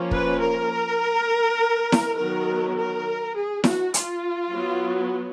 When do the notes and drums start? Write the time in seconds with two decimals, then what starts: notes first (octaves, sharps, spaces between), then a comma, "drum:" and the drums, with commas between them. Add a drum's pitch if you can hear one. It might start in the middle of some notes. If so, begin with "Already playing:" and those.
Already playing: F3 A#3 C#4
0.11 B4, drum: kick
0.40 A#4
1.92 drum: snare E4
2.17 D#3 F#3 B3 A#4
2.76 A#4
3.35 G#4
3.64 F#4, drum: snare E4
3.94 F4, drum: hi-hat
4.52 F#3 B3